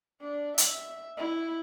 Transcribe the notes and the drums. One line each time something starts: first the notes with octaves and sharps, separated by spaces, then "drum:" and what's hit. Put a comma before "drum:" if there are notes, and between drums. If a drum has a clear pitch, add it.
D4
E5, drum: hi-hat
E4